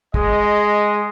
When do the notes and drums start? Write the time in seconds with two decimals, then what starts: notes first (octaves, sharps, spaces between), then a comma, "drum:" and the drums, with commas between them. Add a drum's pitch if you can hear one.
0.14 G#3 D#5, drum: kick